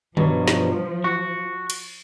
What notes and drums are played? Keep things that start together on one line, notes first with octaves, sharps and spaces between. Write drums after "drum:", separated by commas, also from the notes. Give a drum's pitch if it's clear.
G2 B2 F3 F#3, drum: tom D3
drum: snare
F#4
drum: cymbal